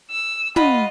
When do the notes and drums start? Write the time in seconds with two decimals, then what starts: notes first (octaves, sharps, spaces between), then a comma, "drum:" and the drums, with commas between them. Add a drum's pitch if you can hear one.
0.11 E6
0.56 F4 D#5 F#5 B5, drum: tom